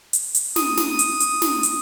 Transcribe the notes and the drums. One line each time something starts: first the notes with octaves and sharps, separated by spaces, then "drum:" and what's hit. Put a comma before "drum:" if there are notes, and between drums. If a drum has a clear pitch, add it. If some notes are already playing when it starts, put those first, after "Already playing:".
drum: hi-hat
drum: hi-hat
D#6, drum: snare
drum: snare
drum: hi-hat
drum: hi-hat
drum: snare
drum: hi-hat